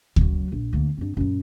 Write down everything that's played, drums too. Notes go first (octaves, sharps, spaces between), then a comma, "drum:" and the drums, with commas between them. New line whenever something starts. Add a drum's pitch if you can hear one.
F#1 F#3, drum: kick D2
A#1
D2 A#3
G2 C4
F#2 A#2